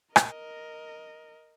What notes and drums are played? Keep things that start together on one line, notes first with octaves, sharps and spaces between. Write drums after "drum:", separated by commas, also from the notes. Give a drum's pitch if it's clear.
A#4 D#5, drum: rim click